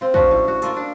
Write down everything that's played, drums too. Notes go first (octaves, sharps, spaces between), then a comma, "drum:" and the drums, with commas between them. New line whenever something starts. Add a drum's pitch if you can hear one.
C4 F4
F3 C#4 D4 F#4, drum: kick
A2
F#4
A#3 F4 A4, drum: hi-hat
D4